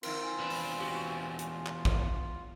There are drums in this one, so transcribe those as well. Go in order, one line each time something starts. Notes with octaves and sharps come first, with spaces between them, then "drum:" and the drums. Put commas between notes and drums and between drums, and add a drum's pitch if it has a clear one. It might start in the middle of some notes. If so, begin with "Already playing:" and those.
D3 C4 F4 A#4, drum: cymbal
G#5
E2 D4 B4
drum: open hi-hat
G#2 F#4 G4
F4, drum: hi-hat
drum: clap
drum: kick A1